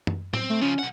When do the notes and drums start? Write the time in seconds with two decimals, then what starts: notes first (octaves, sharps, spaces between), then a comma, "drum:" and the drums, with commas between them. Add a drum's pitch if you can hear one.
0.07 drum: tom
0.34 C4, drum: tom A2
0.49 A3
0.62 C#3 F3 C#4
0.79 B1 F#5